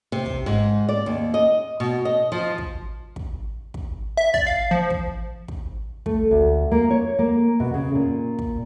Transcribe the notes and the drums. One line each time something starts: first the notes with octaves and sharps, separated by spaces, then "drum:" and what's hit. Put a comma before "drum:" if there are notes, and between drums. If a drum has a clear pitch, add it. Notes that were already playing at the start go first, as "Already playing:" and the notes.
C3
drum: kick
G#2
D5
D#2
D#5
B2
D#5
F3
drum: kick
drum: kick
drum: kick
E5
D5, drum: kick
F5
F3
drum: kick
drum: kick
A3, drum: kick
D2
A#3
C#5
A#3
B2
C#3
A#2
drum: kick